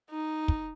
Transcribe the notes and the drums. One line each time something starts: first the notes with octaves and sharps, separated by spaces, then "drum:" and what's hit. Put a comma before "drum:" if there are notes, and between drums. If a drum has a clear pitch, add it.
D#4
drum: kick